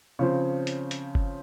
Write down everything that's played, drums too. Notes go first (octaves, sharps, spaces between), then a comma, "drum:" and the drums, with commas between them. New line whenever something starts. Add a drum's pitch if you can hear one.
C#3 F3 C4 C#5
drum: hi-hat
drum: hi-hat
drum: kick G1